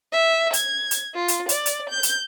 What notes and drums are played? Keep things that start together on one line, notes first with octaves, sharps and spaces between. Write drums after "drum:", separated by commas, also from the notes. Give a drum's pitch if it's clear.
E5
G#6, drum: hi-hat
drum: hi-hat
F4
drum: hi-hat
D5, drum: hi-hat
drum: hi-hat
G6
drum: hi-hat